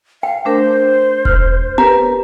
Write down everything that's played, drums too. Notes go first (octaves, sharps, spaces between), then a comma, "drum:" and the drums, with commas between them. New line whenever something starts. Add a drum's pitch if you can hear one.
F5 G5
A3 D4 A#4 C5
F6, drum: kick E1
G4 A#4 B4 A#5, drum: tom B3